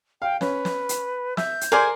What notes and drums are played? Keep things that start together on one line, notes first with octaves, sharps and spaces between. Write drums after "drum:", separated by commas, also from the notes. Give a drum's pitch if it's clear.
F5 G5
C#4 B4, drum: snare
drum: snare
drum: hi-hat
E5 G6, drum: snare
drum: hi-hat
G#4 A#4 C5 D5 G#5 C6